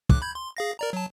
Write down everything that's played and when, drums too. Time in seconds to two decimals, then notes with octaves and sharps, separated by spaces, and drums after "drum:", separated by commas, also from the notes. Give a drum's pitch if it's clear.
0.09 B1 D6 F#6, drum: kick
0.22 B5 G6 G#6
0.35 C6
0.57 G#4 F5 A#6
0.79 A#4 D5 A#5
0.93 F#3 A5